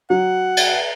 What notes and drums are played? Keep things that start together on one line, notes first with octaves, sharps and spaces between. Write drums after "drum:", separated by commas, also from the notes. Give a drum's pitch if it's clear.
F#3 F#5
drum: cymbal